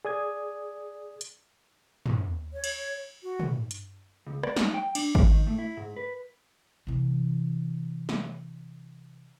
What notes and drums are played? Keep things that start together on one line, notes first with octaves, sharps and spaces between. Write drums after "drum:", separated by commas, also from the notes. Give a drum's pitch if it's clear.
G#4 D5 D#6 G#6
drum: hi-hat
drum: tom
C#5
drum: cymbal
F#4
drum: tom
drum: hi-hat
C#2
D5, drum: rim click
D#4, drum: snare
G5
D4, drum: cymbal
F3, drum: kick G#1
D#3
A2
E4
G#2
B4
C3 E3
drum: snare